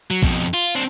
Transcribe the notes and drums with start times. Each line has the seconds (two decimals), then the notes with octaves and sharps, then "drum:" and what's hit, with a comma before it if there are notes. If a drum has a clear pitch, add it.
0.11 F#3
0.23 F2 B2, drum: kick A1
0.54 F4
0.75 C4 D4